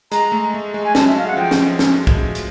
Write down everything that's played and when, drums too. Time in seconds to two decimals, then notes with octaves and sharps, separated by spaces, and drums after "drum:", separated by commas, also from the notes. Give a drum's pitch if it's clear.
0.12 G#3 A#5, drum: hi-hat
0.32 A3
0.54 A3
0.74 G#3
0.84 G#5
0.95 F#3 A5, drum: snare
1.08 E5
1.17 F5
1.27 F#5
1.37 F3 G5
1.51 drum: snare
1.79 drum: snare
2.07 drum: kick
2.35 drum: hi-hat